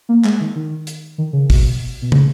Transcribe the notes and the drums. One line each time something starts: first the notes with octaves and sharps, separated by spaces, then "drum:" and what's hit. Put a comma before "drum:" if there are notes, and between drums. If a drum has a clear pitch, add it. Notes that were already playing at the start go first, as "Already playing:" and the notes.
A#3
G#3, drum: clap
D#3
D#3
drum: hi-hat
D#3
C#3
B2, drum: kick, open hi-hat
B2
C#3, drum: tom